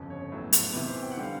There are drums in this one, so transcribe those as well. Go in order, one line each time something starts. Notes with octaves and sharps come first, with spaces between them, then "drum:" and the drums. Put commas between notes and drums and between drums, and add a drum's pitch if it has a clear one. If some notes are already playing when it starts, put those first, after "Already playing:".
Already playing: G1 F2 C#3
C#5
A#1 A2 F#3 B3
drum: hi-hat
E2 C3 E3 B4
C5
G5
F#5
D3 G3 F5